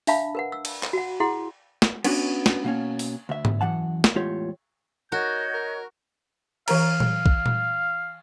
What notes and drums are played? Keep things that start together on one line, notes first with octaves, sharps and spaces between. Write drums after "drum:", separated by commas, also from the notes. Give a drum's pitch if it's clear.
D4 E5 F5 A5 B5, drum: open hi-hat
A#4 B4 F#5
E6
drum: cymbal
drum: clap
F#4 F#5
E4 G#4 F#5 C6
drum: snare
B3 C#4 D4 F#4, drum: cymbal
drum: snare
B2 A#3 C#4
drum: open hi-hat
D2 E5
drum: tom G#2
F#2 E3 F#5 A5
drum: snare
E2 A2 G#3 F4 G4 C#5
F#4 A#4 C#5 D#5 G6
A#4
E3 A#4 F5 A#5, drum: cymbal
drum: tom A#2
drum: kick B1
drum: tom A#2